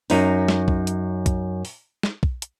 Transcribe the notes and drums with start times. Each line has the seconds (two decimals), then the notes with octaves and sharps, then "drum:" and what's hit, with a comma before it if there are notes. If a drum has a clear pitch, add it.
0.10 F#2 D#4, drum: open hi-hat
0.48 drum: snare
0.68 drum: kick
0.87 drum: hi-hat
1.26 drum: kick, hi-hat
1.65 drum: open hi-hat
2.03 drum: snare
2.23 drum: kick
2.42 drum: hi-hat